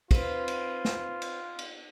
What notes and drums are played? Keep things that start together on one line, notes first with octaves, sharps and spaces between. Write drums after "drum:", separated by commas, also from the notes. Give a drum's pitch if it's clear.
C4 F4 B4, drum: kick, cymbal
drum: cymbal
drum: snare
drum: cymbal
drum: cymbal